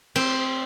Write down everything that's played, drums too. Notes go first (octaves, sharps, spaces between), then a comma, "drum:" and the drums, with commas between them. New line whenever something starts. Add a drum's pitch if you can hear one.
C4, drum: cymbal